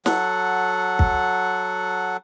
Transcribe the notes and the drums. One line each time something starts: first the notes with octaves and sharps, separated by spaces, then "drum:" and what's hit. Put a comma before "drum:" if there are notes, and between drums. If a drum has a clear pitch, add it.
F#3 A4 F#5, drum: snare
drum: kick